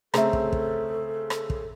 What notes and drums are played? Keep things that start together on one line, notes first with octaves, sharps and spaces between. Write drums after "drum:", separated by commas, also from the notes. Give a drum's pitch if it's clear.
C#3 A3 C4 A4 E5 A#5, drum: rim click
drum: kick
drum: kick
drum: rim click
drum: kick